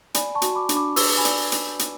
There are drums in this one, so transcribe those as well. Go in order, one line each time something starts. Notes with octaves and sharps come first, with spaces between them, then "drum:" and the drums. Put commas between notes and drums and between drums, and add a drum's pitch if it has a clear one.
D5 G#5 B5, drum: hi-hat
A5 C#6
F#4, drum: hi-hat
B5 D6
D4, drum: hi-hat
B5 D6
B4 C#6 E6, drum: open hi-hat
G#5 B5
D5, drum: hi-hat
drum: hi-hat
drum: hi-hat